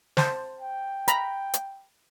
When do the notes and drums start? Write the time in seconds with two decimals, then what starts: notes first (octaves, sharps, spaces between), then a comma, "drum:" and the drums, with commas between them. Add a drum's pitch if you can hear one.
0.17 C5 A5, drum: snare
0.61 G5
1.08 A#5 B5, drum: hi-hat
1.54 drum: hi-hat